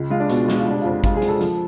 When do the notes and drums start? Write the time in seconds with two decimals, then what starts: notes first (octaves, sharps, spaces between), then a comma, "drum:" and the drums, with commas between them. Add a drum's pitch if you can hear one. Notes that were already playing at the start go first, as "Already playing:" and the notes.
Already playing: C#2
0.10 G#3 F4
0.20 D4
0.29 B2 F#4, drum: hi-hat
0.48 G#3 F#4, drum: snare
0.59 F4
0.67 F1 D4
0.81 F2 F4
1.04 G#3 F4, drum: kick G#1, hi-hat
1.17 G#4
1.22 G#3, drum: hi-hat
1.29 A4
1.40 F3, drum: hi-hat